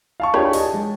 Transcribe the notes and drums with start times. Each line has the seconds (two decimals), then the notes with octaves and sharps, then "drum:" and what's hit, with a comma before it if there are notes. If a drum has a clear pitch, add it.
0.20 F5 A5 C#6
0.34 D4 E4 F4 G4 G#4 C#5, drum: rim click
0.53 D#5 A5, drum: open hi-hat
0.74 G#3